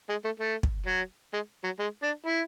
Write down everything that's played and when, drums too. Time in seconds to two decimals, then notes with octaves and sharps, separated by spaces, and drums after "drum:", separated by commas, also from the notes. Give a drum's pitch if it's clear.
0.09 G#3
0.25 A3
0.40 A3
0.63 drum: kick
0.86 F#3
1.33 G#3
1.64 F#3
1.79 G#3
2.03 D4
2.26 E4